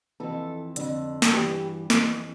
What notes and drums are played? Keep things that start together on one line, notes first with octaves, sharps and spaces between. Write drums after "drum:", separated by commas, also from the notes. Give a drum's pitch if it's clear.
F2 E3 A4
F2 D3, drum: hi-hat
A4, drum: snare
G2 E3 G4
F2 E3, drum: snare